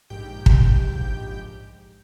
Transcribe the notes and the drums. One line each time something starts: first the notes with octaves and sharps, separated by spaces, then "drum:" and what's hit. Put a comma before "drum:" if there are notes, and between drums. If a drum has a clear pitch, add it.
A#1 G#2 G4 G5 G6
drum: kick